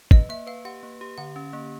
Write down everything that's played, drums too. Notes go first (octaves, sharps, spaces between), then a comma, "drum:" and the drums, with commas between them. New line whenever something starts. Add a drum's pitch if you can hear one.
B4 D#5, drum: kick
A#3 E5
B4 F5
G4 F#5
A#3
G4
D3 F#5
C#4
A#3